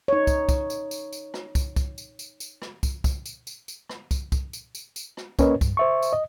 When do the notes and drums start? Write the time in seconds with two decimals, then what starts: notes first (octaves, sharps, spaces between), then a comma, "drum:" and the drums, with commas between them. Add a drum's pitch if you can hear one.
0.08 D#4 C#5
0.27 drum: kick, tambourine
0.49 drum: kick, tambourine
0.70 drum: tambourine
0.91 drum: tambourine
1.13 drum: tambourine
1.34 drum: rim click
1.55 drum: kick, tambourine
1.76 drum: kick, tambourine
1.98 drum: tambourine
2.19 drum: tambourine
2.40 drum: tambourine
2.62 drum: rim click
2.83 drum: kick, tambourine
3.04 drum: kick, tambourine
3.26 drum: tambourine
3.47 drum: tambourine
3.68 drum: tambourine
3.89 drum: rim click
4.11 drum: kick, tambourine
4.32 drum: kick, tambourine
4.53 drum: tambourine
4.75 drum: tambourine
4.96 drum: tambourine
5.17 drum: rim click
5.39 A#3 C#4 A#4 B4 C#5 D#5, drum: kick, tambourine
5.61 G2, drum: kick, tambourine
5.77 C5 E5 C#6
6.02 drum: tambourine
6.13 D#5